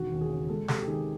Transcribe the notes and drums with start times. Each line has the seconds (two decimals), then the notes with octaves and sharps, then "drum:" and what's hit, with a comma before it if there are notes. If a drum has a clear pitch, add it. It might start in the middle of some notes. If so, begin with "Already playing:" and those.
Already playing: E1 D#3 F#4
0.12 D#2
0.21 G#4
0.30 C#3
0.49 G#3 A4
0.68 C3 A4, drum: snare
0.83 G4
0.87 D#3 G#4